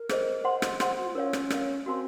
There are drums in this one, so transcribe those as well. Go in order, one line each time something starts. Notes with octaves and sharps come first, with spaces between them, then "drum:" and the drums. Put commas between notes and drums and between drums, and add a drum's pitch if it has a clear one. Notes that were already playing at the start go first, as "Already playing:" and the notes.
Already playing: A#4
G#4 C5 D#5, drum: rim click
C5 F#5 C6
drum: rim click
G#4 C5 F#5 C6, drum: rim click
F#4
F4
C#4 A#4 C#5 F5
drum: rim click
A#4 C#5 F5, drum: rim click
C4 F#4 A#4 F5 G#5 C6